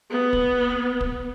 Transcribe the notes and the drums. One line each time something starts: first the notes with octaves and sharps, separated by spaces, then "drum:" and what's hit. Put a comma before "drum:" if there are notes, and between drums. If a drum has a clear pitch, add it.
B3
drum: kick
drum: kick